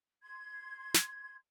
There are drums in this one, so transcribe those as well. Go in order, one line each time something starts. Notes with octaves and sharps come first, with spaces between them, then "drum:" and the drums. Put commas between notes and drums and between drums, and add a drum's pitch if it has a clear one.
C6 G#6
drum: snare